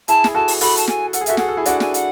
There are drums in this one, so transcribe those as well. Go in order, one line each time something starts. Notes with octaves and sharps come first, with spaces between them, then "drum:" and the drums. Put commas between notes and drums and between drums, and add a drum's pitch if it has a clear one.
E4 G#4 A5, drum: hi-hat
G#4, drum: snare
F#4 A4 A5
drum: open hi-hat
F#4 A4 B5, drum: open hi-hat
A5, drum: hi-hat
G#5, drum: snare
A4 F#5, drum: hi-hat
G#4
F#4 A4 E5, drum: hi-hat
G#4 F#5, drum: snare
A4
E4 G#4
D4 F#4 F#5, drum: hi-hat
G#5, drum: snare
F#5, drum: hi-hat